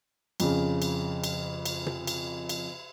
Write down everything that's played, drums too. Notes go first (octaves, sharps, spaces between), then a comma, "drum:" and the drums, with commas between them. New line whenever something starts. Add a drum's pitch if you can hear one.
F2 C#3, drum: cymbal
drum: cymbal
drum: cymbal
drum: cymbal
drum: tom
drum: cymbal
drum: cymbal